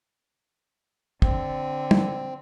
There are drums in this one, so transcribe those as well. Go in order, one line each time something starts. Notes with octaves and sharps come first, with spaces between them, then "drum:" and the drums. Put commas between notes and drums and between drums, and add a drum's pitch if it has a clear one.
D3 C4, drum: kick
drum: tom